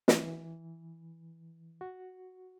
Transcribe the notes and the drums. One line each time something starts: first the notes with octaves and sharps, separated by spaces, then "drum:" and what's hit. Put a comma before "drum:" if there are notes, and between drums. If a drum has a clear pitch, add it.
E3, drum: snare
F#4